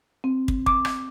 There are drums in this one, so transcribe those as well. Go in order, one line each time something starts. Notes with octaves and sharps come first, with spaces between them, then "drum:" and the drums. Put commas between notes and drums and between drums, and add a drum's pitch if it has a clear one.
C4
drum: kick
D6, drum: kick
drum: rim click